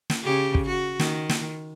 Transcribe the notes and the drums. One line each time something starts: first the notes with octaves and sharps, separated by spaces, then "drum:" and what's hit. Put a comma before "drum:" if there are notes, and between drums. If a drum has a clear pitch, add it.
drum: snare
C#3 G4
drum: kick
F#4
D#3, drum: snare
drum: snare